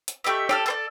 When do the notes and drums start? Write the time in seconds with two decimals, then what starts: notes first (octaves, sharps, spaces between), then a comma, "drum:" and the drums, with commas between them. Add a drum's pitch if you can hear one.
0.08 drum: hi-hat
0.24 A3 G4 D#5 E5
0.49 G4 A4 F6, drum: rim click
0.66 A4 C5 D5